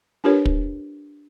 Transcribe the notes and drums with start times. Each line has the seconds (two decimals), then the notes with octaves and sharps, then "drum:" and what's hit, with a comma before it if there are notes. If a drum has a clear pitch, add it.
0.24 D4 F4 G4 A#4 B4 C#5
0.45 drum: kick